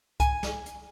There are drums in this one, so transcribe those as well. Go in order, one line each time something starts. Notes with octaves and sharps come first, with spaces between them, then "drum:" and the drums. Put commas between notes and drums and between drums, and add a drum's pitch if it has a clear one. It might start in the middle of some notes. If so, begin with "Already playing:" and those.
G#5, drum: kick C2, hi-hat
drum: snare
drum: hi-hat